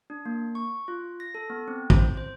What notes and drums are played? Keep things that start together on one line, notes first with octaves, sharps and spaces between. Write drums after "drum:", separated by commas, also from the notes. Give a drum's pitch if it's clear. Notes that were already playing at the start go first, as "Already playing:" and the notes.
D4
A#3
C#6
F4
A#6
A4
B3
C4
C5, drum: kick
C5